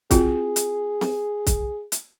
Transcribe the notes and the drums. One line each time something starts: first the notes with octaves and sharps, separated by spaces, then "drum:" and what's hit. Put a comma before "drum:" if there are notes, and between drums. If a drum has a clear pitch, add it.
C4 F4 F#4 G#4, drum: kick, hi-hat
drum: hi-hat
drum: snare C4
drum: kick, hi-hat
drum: hi-hat